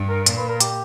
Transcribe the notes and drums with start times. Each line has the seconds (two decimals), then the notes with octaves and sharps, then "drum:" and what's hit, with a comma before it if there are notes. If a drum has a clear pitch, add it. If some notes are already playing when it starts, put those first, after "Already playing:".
Already playing: G2
0.09 A#4
0.26 A#2, drum: hi-hat
0.37 B4
0.49 A#4
0.60 G4, drum: hi-hat